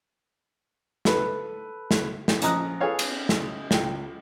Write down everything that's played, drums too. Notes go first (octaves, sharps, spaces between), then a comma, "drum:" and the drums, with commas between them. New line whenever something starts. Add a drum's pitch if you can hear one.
A4 B4, drum: snare
drum: snare
drum: snare
A#1 C#4 D#5 A#5 D#6 F#6, drum: hi-hat
G#4 A4 B4 C#5 F5
drum: cymbal
drum: snare
C#2 G5, drum: snare